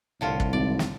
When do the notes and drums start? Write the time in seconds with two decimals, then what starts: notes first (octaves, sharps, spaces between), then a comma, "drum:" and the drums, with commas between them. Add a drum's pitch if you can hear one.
0.21 C2 A2 D3 F4
0.40 drum: kick
0.53 G#1 D5
0.79 drum: snare